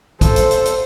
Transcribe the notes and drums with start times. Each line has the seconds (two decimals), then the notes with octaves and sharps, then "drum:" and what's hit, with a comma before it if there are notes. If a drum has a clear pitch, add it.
0.21 A4 C5, drum: kick, hi-hat
0.36 drum: hi-hat
0.51 drum: hi-hat
0.65 drum: hi-hat